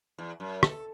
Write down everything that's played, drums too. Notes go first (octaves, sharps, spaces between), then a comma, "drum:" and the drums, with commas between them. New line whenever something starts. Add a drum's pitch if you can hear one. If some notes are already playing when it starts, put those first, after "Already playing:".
E2
F#2
A4, drum: rim click